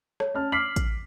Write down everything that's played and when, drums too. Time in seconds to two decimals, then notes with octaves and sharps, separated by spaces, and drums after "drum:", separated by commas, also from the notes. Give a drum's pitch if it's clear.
0.20 C#5, drum: rim click
0.34 C#4 A5 F6
0.52 D6 F6 B6 C7 F#7
0.76 drum: kick, hi-hat